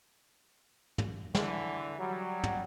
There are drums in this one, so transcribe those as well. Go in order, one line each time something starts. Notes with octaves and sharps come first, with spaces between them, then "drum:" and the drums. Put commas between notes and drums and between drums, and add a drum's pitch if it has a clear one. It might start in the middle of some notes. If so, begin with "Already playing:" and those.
drum: tom
D3 E3, drum: snare
F#3 G3
drum: tom